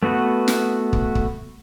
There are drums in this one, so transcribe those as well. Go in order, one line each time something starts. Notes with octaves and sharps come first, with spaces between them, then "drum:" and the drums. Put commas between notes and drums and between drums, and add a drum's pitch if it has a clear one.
A3 B3 F#4 B4
drum: snare
drum: kick
drum: kick